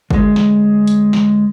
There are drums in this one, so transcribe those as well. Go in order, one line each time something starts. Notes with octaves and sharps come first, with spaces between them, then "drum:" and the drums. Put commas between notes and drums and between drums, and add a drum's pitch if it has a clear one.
D2 G#3, drum: kick
drum: snare
drum: hi-hat
drum: snare